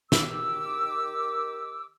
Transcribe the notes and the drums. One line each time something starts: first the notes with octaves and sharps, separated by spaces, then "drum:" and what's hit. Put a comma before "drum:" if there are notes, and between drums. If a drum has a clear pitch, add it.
D#3 G4 D6 E6, drum: snare